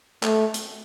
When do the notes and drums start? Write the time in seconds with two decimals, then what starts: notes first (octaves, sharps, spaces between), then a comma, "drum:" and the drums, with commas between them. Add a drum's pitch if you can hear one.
0.23 A3, drum: clap
0.54 drum: hi-hat